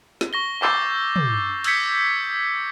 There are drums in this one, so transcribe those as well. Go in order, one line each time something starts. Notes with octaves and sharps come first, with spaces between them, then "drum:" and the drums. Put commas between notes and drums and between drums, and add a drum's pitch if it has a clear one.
drum: snare
C#6 A#6 G7
D6 E6 G6 A6 C7, drum: clap
drum: tom
D#6 E6 G6 G#6 B6 C#7, drum: cymbal